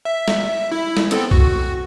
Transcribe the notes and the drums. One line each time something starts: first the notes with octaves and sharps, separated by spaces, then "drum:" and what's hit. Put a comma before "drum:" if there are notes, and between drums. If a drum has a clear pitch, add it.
E5
drum: snare
E4
drum: snare
B3 C4 A4, drum: hi-hat
F#4, drum: kick C2